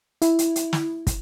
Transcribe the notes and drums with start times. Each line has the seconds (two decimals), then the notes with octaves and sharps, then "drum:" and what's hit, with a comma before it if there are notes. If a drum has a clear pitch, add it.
0.22 E4, drum: hi-hat
0.39 drum: hi-hat
0.56 drum: hi-hat
0.73 drum: snare
1.07 drum: kick, hi-hat